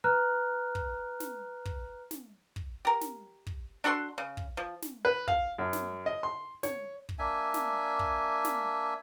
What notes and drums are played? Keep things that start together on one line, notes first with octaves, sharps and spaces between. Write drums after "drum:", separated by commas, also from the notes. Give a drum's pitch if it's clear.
B4 A#5 F6 F#6
drum: kick
drum: snare
drum: kick
drum: snare
drum: kick
G4 A#4
drum: snare
drum: kick
D4 F#4 A4 C6
C#3
drum: kick
F3
drum: snare
B4
F5, drum: kick
F#2
drum: snare
D#5
C6
C#5, drum: snare
drum: kick
A#3 D4 E5 G#5
drum: snare
drum: kick
drum: snare